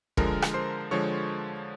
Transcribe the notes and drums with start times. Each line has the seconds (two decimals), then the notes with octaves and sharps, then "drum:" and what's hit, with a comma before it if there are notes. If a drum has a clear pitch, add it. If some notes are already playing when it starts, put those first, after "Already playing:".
0.17 D3 F3 G#3 A#4 A#5, drum: kick
0.42 drum: rim click
0.54 C5 C6
0.91 D3 F3 G#3 C#5 C#6